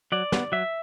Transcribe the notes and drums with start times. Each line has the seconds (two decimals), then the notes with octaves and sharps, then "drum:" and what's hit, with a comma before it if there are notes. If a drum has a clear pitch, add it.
0.12 F#3 D5
0.32 B3, drum: snare
0.52 F#3 E5